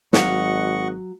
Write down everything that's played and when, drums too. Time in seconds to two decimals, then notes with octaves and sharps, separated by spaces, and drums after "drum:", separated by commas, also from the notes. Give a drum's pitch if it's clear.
0.13 G#1 F#3 D#5 F5 F#5 C#6, drum: snare